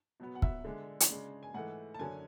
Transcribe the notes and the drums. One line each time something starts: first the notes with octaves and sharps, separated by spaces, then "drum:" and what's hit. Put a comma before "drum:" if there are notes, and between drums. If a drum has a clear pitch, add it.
B2 F#3 B3
F#5
E5, drum: kick
D3 G#3 D4
drum: hi-hat
C#3 G#3 D4
G#5
G#2 E3 A3 F#5
A5
F#2 D3 F#3 C#4 G#5